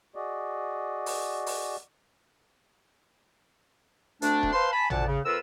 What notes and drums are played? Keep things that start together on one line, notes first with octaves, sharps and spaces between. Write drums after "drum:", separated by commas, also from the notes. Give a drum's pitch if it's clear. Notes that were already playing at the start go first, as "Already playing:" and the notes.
F#4 G#4 D5 D#5
drum: open hi-hat
drum: open hi-hat
D2 A3 C4 D4, drum: hi-hat
drum: kick D#1
B4 C5 F5 A5 C6
G#5 A5 B5
D2 A#2 D3 D5 F#5 A5, drum: tom
C#3
F2 F4 A#4 B4 E6